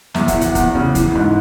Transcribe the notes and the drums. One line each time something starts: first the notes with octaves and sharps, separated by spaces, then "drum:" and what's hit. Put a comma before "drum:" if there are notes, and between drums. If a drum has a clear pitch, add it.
E2 E5, drum: snare
F#5, drum: kick, hi-hat
E3
F#5, drum: hi-hat
E2, drum: kick, hi-hat
C#3
E3, drum: kick, hi-hat
G#2